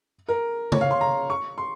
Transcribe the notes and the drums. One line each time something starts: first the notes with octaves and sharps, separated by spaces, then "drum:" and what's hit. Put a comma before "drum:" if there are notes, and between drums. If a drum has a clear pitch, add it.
A#4
C#5, drum: tom C#3
F5
C6
A#5
C#6
C6